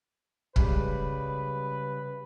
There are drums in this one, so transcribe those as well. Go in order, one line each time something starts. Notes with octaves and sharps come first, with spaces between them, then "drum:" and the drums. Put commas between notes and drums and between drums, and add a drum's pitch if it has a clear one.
C#3 G3 G#3 B4, drum: kick